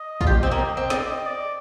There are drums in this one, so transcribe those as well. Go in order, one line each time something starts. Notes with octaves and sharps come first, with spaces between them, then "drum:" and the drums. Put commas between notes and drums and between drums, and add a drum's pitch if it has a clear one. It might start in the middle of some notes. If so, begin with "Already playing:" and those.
Already playing: D#5
F4, drum: kick
G4
C4
A#3
C4
D5, drum: snare
D#5
D5